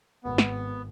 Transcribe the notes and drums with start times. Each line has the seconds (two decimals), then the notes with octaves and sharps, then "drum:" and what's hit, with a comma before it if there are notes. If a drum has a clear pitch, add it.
0.24 G#1 B3
0.38 drum: snare